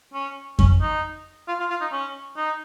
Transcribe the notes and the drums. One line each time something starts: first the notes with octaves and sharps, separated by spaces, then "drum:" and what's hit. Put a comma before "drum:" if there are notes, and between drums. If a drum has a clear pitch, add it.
C#4
C#4, drum: kick F2
D#4
F4
F4
F4
D#4
C#4
D#4